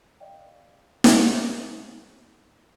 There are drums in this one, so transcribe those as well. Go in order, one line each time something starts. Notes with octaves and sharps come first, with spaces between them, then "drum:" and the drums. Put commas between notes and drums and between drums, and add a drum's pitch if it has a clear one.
D5 D#5 F5 G5
drum: snare